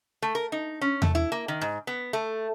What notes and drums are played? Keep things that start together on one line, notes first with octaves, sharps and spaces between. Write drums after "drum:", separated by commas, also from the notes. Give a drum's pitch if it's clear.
A3
A#4
D#4
C#4
A3, drum: tom E2
E4
A#3
D#3
G#2
B3
A3